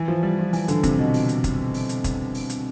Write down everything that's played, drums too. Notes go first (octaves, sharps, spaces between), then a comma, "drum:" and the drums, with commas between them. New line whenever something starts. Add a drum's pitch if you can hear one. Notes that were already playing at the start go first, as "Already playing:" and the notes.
Already playing: E3
F3
G3
F3
E3, drum: open hi-hat
D3, drum: hi-hat
C3, drum: kick, hi-hat
B2
drum: open hi-hat
drum: hi-hat
drum: kick, hi-hat
drum: open hi-hat
drum: hi-hat
drum: kick, hi-hat
drum: open hi-hat
drum: hi-hat